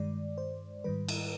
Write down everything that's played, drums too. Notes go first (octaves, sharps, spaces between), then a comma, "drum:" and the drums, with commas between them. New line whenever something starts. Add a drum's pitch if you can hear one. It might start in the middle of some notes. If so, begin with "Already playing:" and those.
Already playing: G2 D#3 G#3 D5
C5
G#2 D#3 G3 B4
drum: cymbal